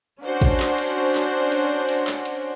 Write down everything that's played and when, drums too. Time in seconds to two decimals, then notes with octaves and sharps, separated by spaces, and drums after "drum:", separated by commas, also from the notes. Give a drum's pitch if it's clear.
0.23 C#4 D4 F#4 C5
0.41 drum: kick, cymbal
0.60 drum: clap
0.78 drum: cymbal
1.15 drum: clap
1.52 drum: cymbal
1.89 drum: cymbal
2.07 drum: clap
2.25 drum: cymbal